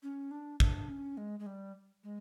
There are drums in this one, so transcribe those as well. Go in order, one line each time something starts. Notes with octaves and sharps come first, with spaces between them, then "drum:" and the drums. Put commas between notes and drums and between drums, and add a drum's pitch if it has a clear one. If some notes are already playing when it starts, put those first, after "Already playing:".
C#4
D4
D4, drum: kick
C#4
G#3
G#3
G3
G#3